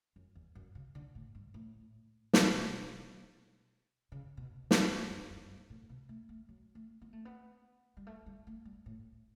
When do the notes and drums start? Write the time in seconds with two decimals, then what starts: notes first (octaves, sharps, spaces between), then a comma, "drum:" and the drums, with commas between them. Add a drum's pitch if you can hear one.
0.16 F#2
0.35 E2
0.55 F#2
0.75 C#3
0.95 D3
1.15 A2
1.35 G2
1.54 A2
2.33 drum: snare
2.53 B2
4.12 C#3
4.37 B2
4.71 drum: snare
4.90 F#2
5.10 F#2
5.30 F#2
5.49 G2
5.70 A2
5.89 B2
6.09 A3
6.29 A3
6.49 F#3
6.75 A3
7.02 B3
7.13 A3
7.25 B3
7.97 G3
8.07 A3
8.26 G3
8.47 A3
8.65 G3
8.86 A2